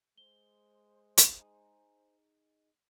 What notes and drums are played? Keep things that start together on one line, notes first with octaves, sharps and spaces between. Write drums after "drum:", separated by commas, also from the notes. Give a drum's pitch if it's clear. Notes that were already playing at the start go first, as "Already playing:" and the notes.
G#3 C5 G7
drum: hi-hat
D#4 G#4